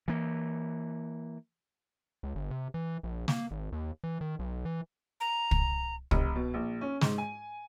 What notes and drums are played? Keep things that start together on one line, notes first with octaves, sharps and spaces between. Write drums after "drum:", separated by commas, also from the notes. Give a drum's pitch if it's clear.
E3 A#3
C#2
G1
C3
E3
A#1
A#3, drum: snare
G#1
D#2
E3
D#3
B1
E3
A#5
drum: kick
F1, drum: kick
B2
A#1
C#4
G#2, drum: snare
G#5